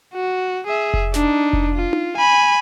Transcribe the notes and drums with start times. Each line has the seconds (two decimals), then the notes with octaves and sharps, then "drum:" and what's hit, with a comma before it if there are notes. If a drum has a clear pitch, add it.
0.14 F#4
0.66 G#4 E5
0.94 drum: kick F1
1.14 D4 D#4, drum: snare
1.53 drum: kick F1
1.75 F4
1.93 drum: tom D#4
2.17 G#5 B5